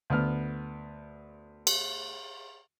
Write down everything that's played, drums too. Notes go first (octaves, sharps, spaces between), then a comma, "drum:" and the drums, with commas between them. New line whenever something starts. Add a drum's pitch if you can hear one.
D2 B3 F6
drum: cymbal